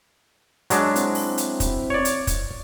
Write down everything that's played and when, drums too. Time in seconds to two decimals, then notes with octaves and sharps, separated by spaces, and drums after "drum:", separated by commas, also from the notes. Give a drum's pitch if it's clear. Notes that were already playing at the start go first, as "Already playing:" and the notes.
0.70 F#3 G#3 D4, drum: hi-hat
0.96 C4 E4, drum: hi-hat
1.15 drum: open hi-hat
1.38 drum: hi-hat
1.60 drum: kick, hi-hat
1.90 C#5 D5
2.05 drum: hi-hat
2.27 drum: kick, hi-hat